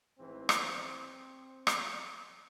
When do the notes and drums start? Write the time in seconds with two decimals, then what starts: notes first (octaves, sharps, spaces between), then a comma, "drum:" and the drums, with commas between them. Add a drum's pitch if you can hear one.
0.19 A1 G#2 E3 C4
0.49 drum: rim click
1.67 drum: rim click